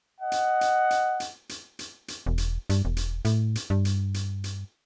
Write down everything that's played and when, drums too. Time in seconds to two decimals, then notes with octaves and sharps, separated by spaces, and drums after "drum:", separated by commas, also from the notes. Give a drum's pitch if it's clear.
0.21 D#5 F#5
0.32 drum: hi-hat
0.61 drum: hi-hat
0.90 drum: hi-hat
1.20 drum: hi-hat
1.49 drum: hi-hat
1.79 drum: hi-hat
2.08 drum: hi-hat
2.26 E1
2.38 drum: hi-hat
2.70 G2, drum: hi-hat
2.85 E1
2.97 drum: hi-hat
3.25 A2, drum: hi-hat
3.55 drum: hi-hat
3.70 G2
3.85 drum: hi-hat
4.14 drum: hi-hat
4.44 drum: hi-hat